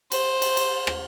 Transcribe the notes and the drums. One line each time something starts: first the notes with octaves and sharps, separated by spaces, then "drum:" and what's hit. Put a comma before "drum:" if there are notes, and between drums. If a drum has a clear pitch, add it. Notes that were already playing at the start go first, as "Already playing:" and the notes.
C5, drum: cymbal
drum: cymbal
drum: cymbal
drum: rim click